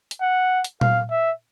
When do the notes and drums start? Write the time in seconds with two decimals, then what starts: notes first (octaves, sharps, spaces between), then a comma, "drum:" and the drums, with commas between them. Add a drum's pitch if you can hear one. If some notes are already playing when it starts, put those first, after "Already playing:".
0.11 drum: hi-hat
0.21 F#5
0.64 drum: hi-hat
0.81 F5, drum: tom A#2
1.11 E5